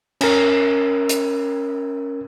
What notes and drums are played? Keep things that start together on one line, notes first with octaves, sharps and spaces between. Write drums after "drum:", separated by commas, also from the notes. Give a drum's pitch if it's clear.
C#4 A#4, drum: cymbal
drum: hi-hat